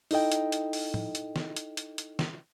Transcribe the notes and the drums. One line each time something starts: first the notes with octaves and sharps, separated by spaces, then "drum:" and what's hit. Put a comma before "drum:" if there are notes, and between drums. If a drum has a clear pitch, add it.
D#4 E4 A4 D#5 G5, drum: open hi-hat
drum: hi-hat
drum: hi-hat
drum: open hi-hat
drum: tom
drum: hi-hat
drum: snare
drum: hi-hat
drum: hi-hat
drum: hi-hat
drum: snare